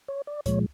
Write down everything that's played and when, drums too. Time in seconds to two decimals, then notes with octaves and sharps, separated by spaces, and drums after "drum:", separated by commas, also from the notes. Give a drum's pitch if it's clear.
0.08 C#5
0.27 D5
0.46 A#2 F3 G#3 C#5, drum: kick C#2, hi-hat